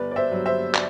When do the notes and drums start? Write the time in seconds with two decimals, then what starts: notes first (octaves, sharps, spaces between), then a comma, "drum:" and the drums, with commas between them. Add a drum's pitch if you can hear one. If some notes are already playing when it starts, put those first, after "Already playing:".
Already playing: G1 B4 D5
0.11 D5
0.16 C5 E5
0.31 G2 F#3
0.46 C5 E5
0.74 D5, drum: clap